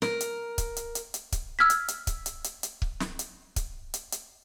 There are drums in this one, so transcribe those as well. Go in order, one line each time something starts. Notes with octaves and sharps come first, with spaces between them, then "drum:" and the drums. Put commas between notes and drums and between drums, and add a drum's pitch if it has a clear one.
A#4, drum: snare
drum: hi-hat
drum: kick C#1, hi-hat
drum: hi-hat
drum: hi-hat
drum: hi-hat
drum: kick C#1, hi-hat
E6 F6 G#6 B6
drum: hi-hat
drum: hi-hat
drum: kick C#1, hi-hat
drum: hi-hat
drum: hi-hat
drum: hi-hat
drum: kick C#1
drum: snare
drum: hi-hat
drum: kick C#1, hi-hat
drum: hi-hat
drum: hi-hat